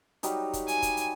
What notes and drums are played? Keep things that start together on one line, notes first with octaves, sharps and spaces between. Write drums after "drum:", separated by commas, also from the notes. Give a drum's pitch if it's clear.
F#3 G3 D#4, drum: hi-hat
drum: kick, hi-hat
G#5, drum: hi-hat
drum: kick, hi-hat
drum: hi-hat